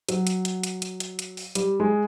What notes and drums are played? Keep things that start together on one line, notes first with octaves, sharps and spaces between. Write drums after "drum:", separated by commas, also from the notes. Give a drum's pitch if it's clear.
F#3, drum: hi-hat
drum: hi-hat
drum: hi-hat
drum: hi-hat
drum: hi-hat
drum: hi-hat
drum: hi-hat
drum: open hi-hat
G3, drum: hi-hat
G#3